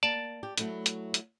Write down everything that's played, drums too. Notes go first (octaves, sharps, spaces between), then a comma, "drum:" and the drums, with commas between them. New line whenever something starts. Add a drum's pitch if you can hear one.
A#3 D5 A5
G4
F#3 A3 E4, drum: hi-hat
drum: hi-hat
drum: hi-hat